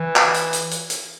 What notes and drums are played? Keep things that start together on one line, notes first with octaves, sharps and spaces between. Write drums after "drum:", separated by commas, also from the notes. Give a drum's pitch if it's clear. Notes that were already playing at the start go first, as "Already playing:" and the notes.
Already playing: E3
drum: clap
drum: hi-hat
drum: hi-hat
drum: hi-hat
drum: hi-hat